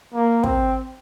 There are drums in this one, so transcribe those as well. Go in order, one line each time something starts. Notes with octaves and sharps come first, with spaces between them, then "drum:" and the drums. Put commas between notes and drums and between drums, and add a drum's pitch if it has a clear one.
A#3
C4, drum: kick